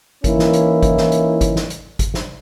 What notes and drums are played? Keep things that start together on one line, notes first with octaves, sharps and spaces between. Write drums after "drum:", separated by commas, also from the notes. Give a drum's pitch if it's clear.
E3 A#3 C#4 D#4 E4, drum: kick G#1, hi-hat
drum: snare
drum: hi-hat
drum: kick G#1, hi-hat
drum: snare
drum: hi-hat
drum: kick G#1, hi-hat
drum: snare
drum: hi-hat
drum: kick G#1, hi-hat
drum: snare